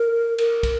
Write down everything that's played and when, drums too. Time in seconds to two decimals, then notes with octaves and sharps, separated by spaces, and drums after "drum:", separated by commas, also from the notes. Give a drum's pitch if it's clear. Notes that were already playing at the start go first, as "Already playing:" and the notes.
Already playing: A#4
0.38 A#4, drum: cymbal
0.63 drum: kick, cymbal